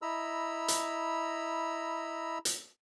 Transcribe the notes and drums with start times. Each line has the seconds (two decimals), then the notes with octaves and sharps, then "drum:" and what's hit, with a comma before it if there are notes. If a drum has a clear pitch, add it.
0.02 E4 D#5 A#5 B5 E6
0.68 drum: hi-hat
2.45 drum: hi-hat